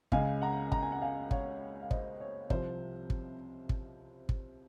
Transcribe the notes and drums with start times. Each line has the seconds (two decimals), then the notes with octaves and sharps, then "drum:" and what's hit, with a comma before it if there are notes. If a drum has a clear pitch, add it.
0.12 C#2 C#3 G#3 F5 G#5, drum: kick
0.42 F#5 A#5
0.72 A#5, drum: kick
0.82 G#5
0.92 F#5
1.02 F5 G#5
1.31 C#5 F5, drum: kick
1.82 F5
1.91 C5 D#5, drum: kick
2.21 C#5
2.50 C2 C3 F3 C5, drum: kick
3.10 drum: kick
3.69 drum: kick
4.29 drum: kick